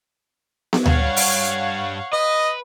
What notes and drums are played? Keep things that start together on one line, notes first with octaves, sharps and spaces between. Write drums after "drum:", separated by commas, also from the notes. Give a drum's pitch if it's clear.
drum: snare B3
G2 G3 C#5 F5 F#5, drum: tom D2
drum: open hi-hat
B4 D#5